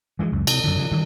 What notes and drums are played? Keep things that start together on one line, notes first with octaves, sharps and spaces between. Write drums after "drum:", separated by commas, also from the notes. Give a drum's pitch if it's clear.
E3 F3 G3 G#3
C#2 F#2
C3, drum: cymbal
F#2 D3
C#3 E3 F3
D#3 E3 G3